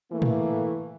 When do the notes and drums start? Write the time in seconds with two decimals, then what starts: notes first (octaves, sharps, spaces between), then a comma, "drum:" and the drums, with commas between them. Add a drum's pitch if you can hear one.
0.12 E3 A3 A#3
0.22 drum: tom